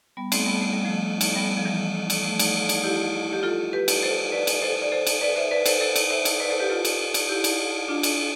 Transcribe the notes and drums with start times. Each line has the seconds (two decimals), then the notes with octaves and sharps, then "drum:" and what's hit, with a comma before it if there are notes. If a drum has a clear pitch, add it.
0.17 G3 B3
0.32 A3 C4, drum: cymbal
0.46 G3 B3
0.61 A3
0.73 G3
0.84 F3 A3
1.21 drum: cymbal
1.35 G3 B3
1.57 F3
1.65 E3 G3
2.10 drum: cymbal
2.24 F3 A3
2.39 drum: cymbal
2.69 drum: cymbal
2.84 E4 G4
3.33 G4
3.43 F4 A4
3.73 G4 B4
3.88 drum: cymbal
4.03 A4 C5
4.32 B4 D5
4.47 drum: cymbal
4.62 A4 C5
4.82 D5
4.92 A4 C5
5.07 drum: cymbal
5.21 B4 D5
5.36 C5 E5
5.51 B4 D5
5.66 A4 C5, drum: cymbal
5.81 A4 C5
5.96 drum: cymbal
6.10 C5 E5
6.25 drum: cymbal
6.40 B4 D5
6.50 A4 C5
6.60 G4 B4
6.70 F4 A4
6.85 drum: cymbal
7.14 drum: cymbal
7.29 E4 G4
7.44 drum: cymbal
7.88 D4 F4
8.03 drum: cymbal